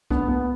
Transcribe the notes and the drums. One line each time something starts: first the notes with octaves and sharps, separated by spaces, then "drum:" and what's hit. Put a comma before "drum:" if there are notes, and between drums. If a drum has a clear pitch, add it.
B3 D4, drum: kick C2
B3